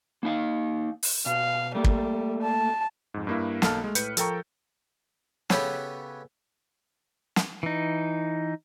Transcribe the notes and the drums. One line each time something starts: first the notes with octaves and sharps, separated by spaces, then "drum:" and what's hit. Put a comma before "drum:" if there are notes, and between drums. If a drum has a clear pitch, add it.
A#3 D#4 F5
drum: open hi-hat
B2 F5
G3 A3 A#3
drum: kick
A5
F2 G#2
G2 A#3 E4
B1 A#3 A4 A5 F6, drum: snare
G#3 A3
A2 B4 G6 C#7, drum: hi-hat
F3 A4 A#4 G5 A#5 C#6, drum: hi-hat
C#3 B3 G4 A4 B4 C#5, drum: snare
drum: snare
E3 D#4